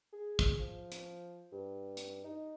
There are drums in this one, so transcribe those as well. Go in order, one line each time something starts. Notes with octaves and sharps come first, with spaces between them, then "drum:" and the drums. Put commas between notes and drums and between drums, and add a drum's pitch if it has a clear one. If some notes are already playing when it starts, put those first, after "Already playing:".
G#4
drum: kick, hi-hat
F3
drum: hi-hat
G2
drum: hi-hat
D#4